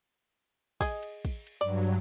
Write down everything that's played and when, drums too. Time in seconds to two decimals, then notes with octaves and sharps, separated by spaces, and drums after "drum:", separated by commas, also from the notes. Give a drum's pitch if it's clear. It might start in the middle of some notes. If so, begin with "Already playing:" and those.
0.81 G#4 D#5, drum: kick, cymbal
1.03 drum: cymbal
1.25 drum: kick, cymbal
1.47 drum: cymbal
1.61 G2 F#3 D5